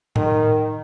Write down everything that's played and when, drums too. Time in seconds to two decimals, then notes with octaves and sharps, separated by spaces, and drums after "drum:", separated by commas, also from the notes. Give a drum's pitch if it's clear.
0.16 D#3, drum: tom A2